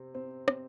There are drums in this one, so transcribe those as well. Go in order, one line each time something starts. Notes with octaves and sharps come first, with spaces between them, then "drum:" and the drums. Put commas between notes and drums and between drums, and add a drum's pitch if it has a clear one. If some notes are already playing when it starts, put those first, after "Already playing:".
Already playing: C3 C4
C4
C4, drum: rim click